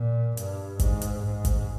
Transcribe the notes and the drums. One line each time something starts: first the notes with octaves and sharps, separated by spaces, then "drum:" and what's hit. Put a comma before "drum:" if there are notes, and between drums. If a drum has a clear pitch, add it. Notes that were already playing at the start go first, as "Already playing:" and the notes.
Already playing: A#2
G2, drum: hi-hat
G#2, drum: kick, hi-hat
drum: hi-hat
G#2
drum: kick, hi-hat